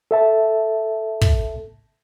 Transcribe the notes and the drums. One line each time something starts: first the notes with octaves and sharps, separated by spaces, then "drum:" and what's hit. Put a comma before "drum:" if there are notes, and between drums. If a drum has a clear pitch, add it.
A4 E5 A5
drum: kick